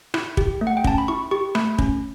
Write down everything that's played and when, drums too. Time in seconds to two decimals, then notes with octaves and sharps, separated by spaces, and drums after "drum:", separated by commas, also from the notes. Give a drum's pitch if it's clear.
0.14 E4, drum: rim click
0.37 G4, drum: kick
0.61 A3
0.67 F#5
0.77 G5
0.84 C#4 A5, drum: kick
0.98 B5
1.08 E4 C#6
1.31 G4 C#6
1.55 A3 B5, drum: rim click
1.79 C#4, drum: kick